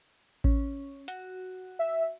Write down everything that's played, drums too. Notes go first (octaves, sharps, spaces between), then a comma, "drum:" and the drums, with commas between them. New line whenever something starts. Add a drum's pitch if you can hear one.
C#4, drum: kick A1
F#4, drum: hi-hat
E5